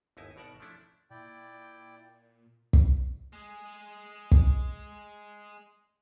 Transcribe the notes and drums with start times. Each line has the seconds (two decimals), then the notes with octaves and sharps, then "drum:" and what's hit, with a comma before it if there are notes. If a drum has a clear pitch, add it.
0.17 G1 D#2 D#4 E4 G#5
0.36 G#1 B2 A#4 D5 E5 F#5
0.60 F3 A3 C#4 D4 E4
1.10 A#2 E4 D5 G5
2.73 drum: kick
3.33 G#3 G#4
4.32 drum: kick